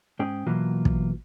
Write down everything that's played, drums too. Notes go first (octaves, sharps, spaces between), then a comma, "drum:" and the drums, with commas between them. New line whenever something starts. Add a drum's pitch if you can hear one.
G#2 C#4 G#4 G5
B2 E3 F#3 A#3 F4
drum: kick